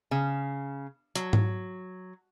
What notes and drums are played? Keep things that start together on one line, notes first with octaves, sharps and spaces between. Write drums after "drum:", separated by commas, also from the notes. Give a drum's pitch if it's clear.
C#3
F#3, drum: hi-hat
drum: tom G#2